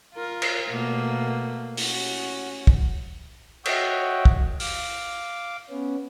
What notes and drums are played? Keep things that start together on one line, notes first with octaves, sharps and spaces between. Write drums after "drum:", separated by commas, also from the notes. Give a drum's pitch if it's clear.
F4 A#4
drum: cymbal
B2 A3 A#3
C#4 F#4, drum: open hi-hat
drum: kick
F#4 C#5 D#5 E5 F#5 G5, drum: cymbal
drum: kick
F5 D6, drum: open hi-hat
B3 C#4